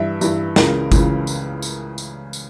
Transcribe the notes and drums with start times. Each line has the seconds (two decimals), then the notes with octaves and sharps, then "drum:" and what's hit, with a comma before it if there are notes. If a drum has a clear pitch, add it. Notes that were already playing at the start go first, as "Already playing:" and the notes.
Already playing: G2 E3 E5
0.21 G2 E3, drum: tambourine
0.56 C#2 C#3 E3 A#4, drum: snare
0.92 C#2 C#3 E3, drum: kick G1, tambourine
1.27 drum: tambourine
1.62 drum: tambourine
1.98 drum: tambourine
2.33 drum: tambourine